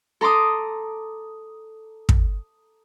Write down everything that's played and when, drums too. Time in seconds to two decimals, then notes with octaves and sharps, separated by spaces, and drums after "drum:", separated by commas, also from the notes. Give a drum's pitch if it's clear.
0.21 A4 A#5 C6 D6 D#6
2.09 drum: kick